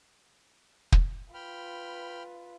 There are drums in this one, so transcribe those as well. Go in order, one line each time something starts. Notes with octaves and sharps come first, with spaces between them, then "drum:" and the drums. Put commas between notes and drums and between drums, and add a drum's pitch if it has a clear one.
drum: kick
F4 B4 G5 B5 F6